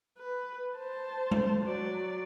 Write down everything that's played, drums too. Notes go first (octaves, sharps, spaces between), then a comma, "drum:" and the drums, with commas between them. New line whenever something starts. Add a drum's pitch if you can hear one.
B4
C5 A5
drum: tom G#3
F#3 D5